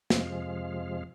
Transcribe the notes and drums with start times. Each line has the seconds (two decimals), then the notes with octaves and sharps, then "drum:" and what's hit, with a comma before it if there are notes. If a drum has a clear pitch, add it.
0.10 F2 C3 F3 G#3 F5, drum: snare